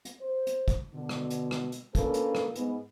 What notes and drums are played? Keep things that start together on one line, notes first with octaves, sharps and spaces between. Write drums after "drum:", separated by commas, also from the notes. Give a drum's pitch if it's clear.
drum: hi-hat
C5
drum: hi-hat
drum: kick, hi-hat
B2 D3
drum: rim click
drum: hi-hat
drum: rim click
drum: hi-hat
A#3 C#4 D4 F4 A4 B4, drum: kick, hi-hat
drum: hi-hat
drum: rim click
G#2 G#3 B3, drum: hi-hat